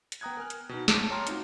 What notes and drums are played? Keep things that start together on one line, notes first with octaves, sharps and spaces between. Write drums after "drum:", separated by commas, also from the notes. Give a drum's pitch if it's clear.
drum: hi-hat
B3 G5 A#5 D#6 F#6 G#6
A#4 G#5 F6 F#6
drum: hi-hat
B2 D#4
A5 D6 G6, drum: snare
C#5 G5 A5 A#5 C6 F6
C4 D#4 F4 F#4, drum: hi-hat